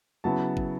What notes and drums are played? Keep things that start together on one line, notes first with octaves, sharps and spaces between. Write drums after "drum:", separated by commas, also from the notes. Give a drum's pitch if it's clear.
C#3 F#3 B3 E4 A5
drum: kick